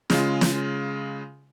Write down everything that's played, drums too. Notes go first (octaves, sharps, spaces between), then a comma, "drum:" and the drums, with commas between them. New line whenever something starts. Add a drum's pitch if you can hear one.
C#3 G#3 F4, drum: snare
drum: snare